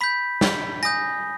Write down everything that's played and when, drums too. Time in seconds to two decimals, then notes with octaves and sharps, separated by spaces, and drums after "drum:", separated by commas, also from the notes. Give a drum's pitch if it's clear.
0.01 B5 G6 B6
0.41 drum: snare
0.83 G#5 D#6 G6 A#6